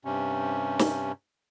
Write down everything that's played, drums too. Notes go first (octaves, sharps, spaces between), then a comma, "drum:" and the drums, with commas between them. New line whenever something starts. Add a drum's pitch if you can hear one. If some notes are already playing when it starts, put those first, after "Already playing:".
G2 C3 C#4
drum: snare